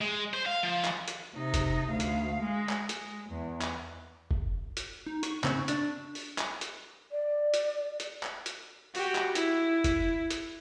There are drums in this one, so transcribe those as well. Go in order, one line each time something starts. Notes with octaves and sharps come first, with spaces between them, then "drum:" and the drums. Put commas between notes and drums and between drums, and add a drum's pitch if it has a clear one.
G#3
C5
F5
F3
drum: clap
drum: hi-hat
C3 D#4
drum: kick F#1, hi-hat
D2 F5
drum: hi-hat
G#3
drum: clap
G#3, drum: hi-hat
E2
drum: clap
drum: kick F#1
drum: hi-hat
D#4
C#6, drum: hi-hat
C#3 C4, drum: clap
D4, drum: hi-hat
drum: open hi-hat
drum: clap
drum: hi-hat
D5
drum: hi-hat
drum: hi-hat
drum: clap
drum: hi-hat
F#4 G4, drum: open hi-hat
drum: clap
E4, drum: hi-hat
drum: kick F#1, hi-hat
drum: hi-hat